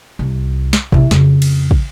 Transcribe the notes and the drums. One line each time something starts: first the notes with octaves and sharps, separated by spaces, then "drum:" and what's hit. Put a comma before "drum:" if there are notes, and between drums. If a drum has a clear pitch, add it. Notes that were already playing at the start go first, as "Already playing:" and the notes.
C2
drum: snare
C3 E4, drum: kick
F2 C#3, drum: snare
drum: cymbal
drum: kick